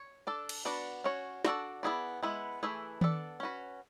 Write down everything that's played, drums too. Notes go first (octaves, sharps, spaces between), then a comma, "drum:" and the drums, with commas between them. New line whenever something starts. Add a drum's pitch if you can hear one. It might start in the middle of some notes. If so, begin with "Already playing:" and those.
Already playing: C#5
D4 A4 D5
drum: cymbal
B3 D4 F#4 B4 D5
C#4 F#4 C#5
D4 F#4 A4 D5, drum: snare
B3 E4 G#4 B4 D5
G#3 B3 E4 B4
E3 A3 E4 G#4 B4
B3 D4 A4 D5, drum: tom D#3
C#4 F#4 B4